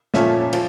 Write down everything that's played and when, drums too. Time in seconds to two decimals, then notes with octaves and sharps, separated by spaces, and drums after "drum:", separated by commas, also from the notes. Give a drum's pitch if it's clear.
0.14 A#2 F3 A3 C#4 E5, drum: snare
0.53 F3, drum: cymbal